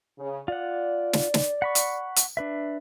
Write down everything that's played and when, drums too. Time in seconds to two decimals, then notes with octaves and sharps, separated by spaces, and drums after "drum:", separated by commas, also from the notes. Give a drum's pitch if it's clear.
0.18 C#3
0.48 F4 D5 F#5
1.13 drum: snare
1.34 drum: snare
1.62 F#5 B5 C#6
1.75 drum: hi-hat
2.16 drum: hi-hat
2.37 D4 B4 E5